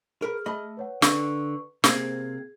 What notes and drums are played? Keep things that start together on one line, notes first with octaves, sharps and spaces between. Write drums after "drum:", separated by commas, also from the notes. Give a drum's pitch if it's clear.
G#4 A#4 B4 F6
A3 D#5 B5
B4 C#5 F#5
D3 B4 C#6, drum: snare
C3 A#3 C4 G#4 G#6, drum: snare